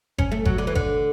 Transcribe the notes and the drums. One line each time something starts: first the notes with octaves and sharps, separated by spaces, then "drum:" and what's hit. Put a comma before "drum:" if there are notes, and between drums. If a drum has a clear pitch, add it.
C#4, drum: kick G1
A3
F#3, drum: kick G1
D3
E3
D3, drum: kick G1